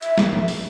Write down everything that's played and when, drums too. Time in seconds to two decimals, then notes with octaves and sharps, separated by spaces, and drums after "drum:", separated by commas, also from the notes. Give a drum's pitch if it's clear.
0.02 E5, drum: hi-hat
0.18 drum: snare
0.33 drum: tom F3
0.48 drum: open hi-hat